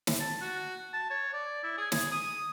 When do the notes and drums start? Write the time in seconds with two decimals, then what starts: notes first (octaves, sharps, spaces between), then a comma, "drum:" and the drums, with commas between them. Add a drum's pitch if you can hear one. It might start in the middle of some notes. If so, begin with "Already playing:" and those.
0.07 drum: snare
0.20 A5
0.41 F#4
0.93 A5
1.11 C#5
1.33 D5
1.64 E4
1.78 G#4
1.92 G#4, drum: snare
2.12 D#6